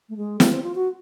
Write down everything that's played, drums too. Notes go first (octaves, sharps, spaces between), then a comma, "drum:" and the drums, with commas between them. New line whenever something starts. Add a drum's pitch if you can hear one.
A3
G#3
G3, drum: snare
C4
F4
F#4